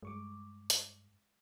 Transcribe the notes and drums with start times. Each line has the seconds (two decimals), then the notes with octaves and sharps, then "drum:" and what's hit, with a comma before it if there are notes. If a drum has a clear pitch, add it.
0.03 G2 G#3 C#6 D6
0.70 drum: hi-hat